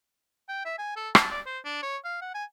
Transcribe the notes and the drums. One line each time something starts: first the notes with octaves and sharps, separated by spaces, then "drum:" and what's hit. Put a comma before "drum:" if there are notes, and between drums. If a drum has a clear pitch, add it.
G5
E5
G#5
A4
A5, drum: rim click
D5
C5
D4
C#5
F5
F#5
G#5